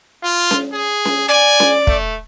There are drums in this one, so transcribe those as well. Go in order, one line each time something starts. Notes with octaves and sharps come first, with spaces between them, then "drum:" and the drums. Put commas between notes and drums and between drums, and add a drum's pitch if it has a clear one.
F4
drum: snare C#4
G#4
drum: snare C#4
D5 G#5
drum: snare C#4
A3, drum: kick